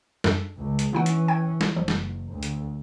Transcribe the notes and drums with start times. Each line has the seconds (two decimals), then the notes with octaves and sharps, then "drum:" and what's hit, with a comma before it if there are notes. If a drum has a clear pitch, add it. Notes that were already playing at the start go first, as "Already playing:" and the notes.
0.24 F#2 D4 A4, drum: snare
0.57 C#2
0.79 drum: hi-hat
0.93 E3 A#3 C#4 D#4 F#5
1.06 drum: hi-hat
1.28 G5 G#6
1.61 drum: snare
1.76 F#1 F3
1.88 drum: snare
2.31 D2
2.43 drum: hi-hat